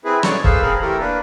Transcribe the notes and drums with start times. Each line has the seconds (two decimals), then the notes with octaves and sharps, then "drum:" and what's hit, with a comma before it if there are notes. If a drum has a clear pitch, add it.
0.05 C4 E4 G#4 B4
0.23 B2 F#3 A3 C#5 D5 C#6, drum: rim click
0.44 G#4 A4 B4 C5 F5 E6, drum: kick
0.62 C4 G#4 A#4 F5 B5
0.81 E3 A3 G4 A4 A#4
1.00 A#3 D4 B4